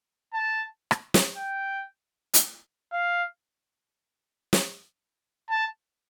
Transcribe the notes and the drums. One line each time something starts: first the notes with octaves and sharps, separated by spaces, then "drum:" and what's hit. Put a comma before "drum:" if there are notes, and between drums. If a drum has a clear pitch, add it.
A5
drum: rim click
drum: snare
G5
drum: hi-hat
F5
drum: snare
A5